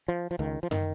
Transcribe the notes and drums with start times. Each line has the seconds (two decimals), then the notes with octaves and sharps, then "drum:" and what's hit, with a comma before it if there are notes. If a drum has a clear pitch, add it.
0.08 F3
0.31 F3
0.39 C#2 D#3
0.63 F3
0.71 D#3, drum: tom F#2